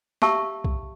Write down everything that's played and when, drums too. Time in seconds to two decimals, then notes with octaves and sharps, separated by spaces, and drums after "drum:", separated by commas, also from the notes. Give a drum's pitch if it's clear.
0.22 G4 E5 F5 A5 C#6 E6, drum: snare
0.64 drum: kick B1